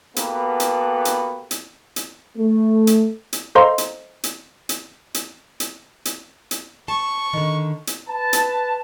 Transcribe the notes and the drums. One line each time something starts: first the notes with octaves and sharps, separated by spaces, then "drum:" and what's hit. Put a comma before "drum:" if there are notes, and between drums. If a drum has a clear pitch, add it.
A#3 B3 F#4 G4 A4 B4, drum: hi-hat
drum: hi-hat
drum: hi-hat
drum: hi-hat
drum: hi-hat
A3
drum: hi-hat
drum: hi-hat
A4 C5 D#5 F5 A#5 C6
drum: hi-hat
drum: hi-hat
drum: hi-hat
drum: hi-hat
drum: hi-hat
drum: hi-hat
drum: hi-hat
A5 C#6
D3 D#3
drum: hi-hat
B4 A5
drum: hi-hat